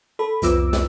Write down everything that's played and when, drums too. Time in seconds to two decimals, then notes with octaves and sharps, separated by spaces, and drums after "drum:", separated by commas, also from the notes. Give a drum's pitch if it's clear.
0.19 A4 B5
0.42 C2 F2 F3 B3 D6 E6, drum: hi-hat
0.73 drum: snare